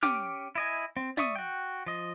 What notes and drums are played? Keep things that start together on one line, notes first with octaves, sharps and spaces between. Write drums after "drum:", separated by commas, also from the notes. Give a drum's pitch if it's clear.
C#4 G4 G5 D6 F6, drum: snare
E4 D#5 G#5
C4
D5 E5 C#6 D#6, drum: snare
F#4 G5
F3 D#5